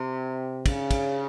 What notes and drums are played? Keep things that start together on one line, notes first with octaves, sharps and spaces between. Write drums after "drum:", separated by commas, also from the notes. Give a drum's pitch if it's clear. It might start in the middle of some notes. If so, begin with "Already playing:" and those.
Already playing: C3
C#3, drum: kick, cymbal
drum: kick, cymbal